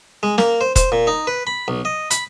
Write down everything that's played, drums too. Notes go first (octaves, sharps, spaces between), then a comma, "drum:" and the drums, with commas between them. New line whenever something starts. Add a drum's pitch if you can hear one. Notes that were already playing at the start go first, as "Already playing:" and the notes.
G#3
A#3, drum: snare
C5
C5, drum: kick F1, hi-hat
A#2
D#4
B4
B5
B1
D#5
B5, drum: hi-hat